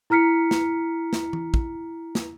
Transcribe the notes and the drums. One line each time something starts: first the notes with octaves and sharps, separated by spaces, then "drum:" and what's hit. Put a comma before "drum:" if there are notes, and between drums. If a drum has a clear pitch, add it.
E4 A#5 F6 B6 C#7
drum: snare
drum: snare
drum: tom E3
drum: kick
drum: snare